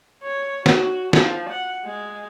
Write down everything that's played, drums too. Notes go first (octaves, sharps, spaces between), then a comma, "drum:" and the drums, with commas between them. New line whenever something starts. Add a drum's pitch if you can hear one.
C#5
F#4, drum: snare
F3, drum: snare
F#5
G#3